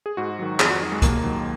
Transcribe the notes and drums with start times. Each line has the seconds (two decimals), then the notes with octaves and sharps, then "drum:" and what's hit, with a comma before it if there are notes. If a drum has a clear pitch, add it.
0.06 G#4
0.17 G#2 F#4
0.39 D#3 F#3
0.60 F2 G#4, drum: clap
0.70 F#4
0.81 D#3 F#3
0.92 G#3
1.02 D#2 A#3, drum: kick C2, hi-hat
1.23 D#3 F#3